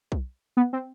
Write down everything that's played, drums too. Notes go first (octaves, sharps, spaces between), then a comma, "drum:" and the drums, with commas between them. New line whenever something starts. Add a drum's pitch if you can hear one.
drum: kick B1
B3
C4